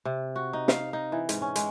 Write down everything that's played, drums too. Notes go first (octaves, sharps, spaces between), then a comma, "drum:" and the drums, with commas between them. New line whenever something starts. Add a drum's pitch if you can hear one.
C3
F#4
D#4
F5, drum: snare
D#4
E3
G#2, drum: hi-hat
C#4
G#3, drum: hi-hat